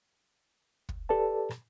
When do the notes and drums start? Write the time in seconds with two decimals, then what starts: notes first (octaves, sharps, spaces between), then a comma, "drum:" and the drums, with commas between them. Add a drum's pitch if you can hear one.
0.89 drum: kick
1.09 G4 A4 B4 D5 A5
1.51 drum: rim click